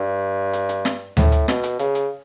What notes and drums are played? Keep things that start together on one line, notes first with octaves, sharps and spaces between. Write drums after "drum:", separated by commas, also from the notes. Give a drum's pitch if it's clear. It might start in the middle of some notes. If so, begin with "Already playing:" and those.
Already playing: G2
drum: hi-hat
drum: hi-hat
drum: snare
A2, drum: tom D2
drum: hi-hat
B2, drum: snare
drum: hi-hat
C#3, drum: hi-hat
drum: hi-hat